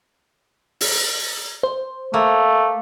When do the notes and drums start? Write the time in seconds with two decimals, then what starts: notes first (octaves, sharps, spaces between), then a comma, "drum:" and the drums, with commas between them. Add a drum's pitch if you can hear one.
0.81 drum: open hi-hat
1.63 C5
2.14 A3 A#3